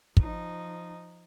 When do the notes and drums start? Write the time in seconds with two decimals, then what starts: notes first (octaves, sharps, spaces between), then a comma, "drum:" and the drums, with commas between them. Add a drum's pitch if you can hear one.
0.17 F3 D#4, drum: kick